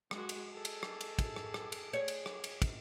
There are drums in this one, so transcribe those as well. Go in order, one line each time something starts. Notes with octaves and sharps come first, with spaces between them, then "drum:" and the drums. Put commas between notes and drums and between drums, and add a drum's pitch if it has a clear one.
G#3 F#4, drum: rim click
drum: cymbal
G#4 A4
drum: cymbal
drum: rim click
drum: cymbal
drum: kick, cymbal
drum: rim click
drum: rim click
drum: cymbal
G#4 C#5
drum: cymbal
drum: rim click
drum: cymbal
drum: kick, cymbal